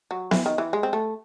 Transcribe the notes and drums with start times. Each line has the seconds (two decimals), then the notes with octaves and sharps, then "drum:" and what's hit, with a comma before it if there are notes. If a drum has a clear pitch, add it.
0.11 F#3
0.31 E3, drum: snare B3
0.46 D#3
0.58 E3
0.73 G#3
0.83 C4
0.93 A3